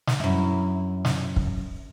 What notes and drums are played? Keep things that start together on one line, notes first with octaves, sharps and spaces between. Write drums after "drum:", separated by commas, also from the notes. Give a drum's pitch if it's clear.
drum: snare
F#2 E4
drum: snare
drum: kick